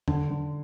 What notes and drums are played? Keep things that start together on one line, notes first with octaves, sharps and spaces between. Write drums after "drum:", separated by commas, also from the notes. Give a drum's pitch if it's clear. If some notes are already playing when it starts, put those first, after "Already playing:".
D3, drum: tom
D3